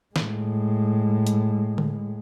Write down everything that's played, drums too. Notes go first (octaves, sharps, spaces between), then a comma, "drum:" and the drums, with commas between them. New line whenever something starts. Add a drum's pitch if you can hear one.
A2 G#3, drum: snare
drum: hi-hat
drum: tom D3